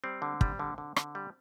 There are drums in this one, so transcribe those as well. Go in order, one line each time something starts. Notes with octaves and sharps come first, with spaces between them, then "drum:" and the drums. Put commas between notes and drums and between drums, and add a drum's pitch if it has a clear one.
G3 C4
D3
G3, drum: kick
D3
D3
D3, drum: rim click
G3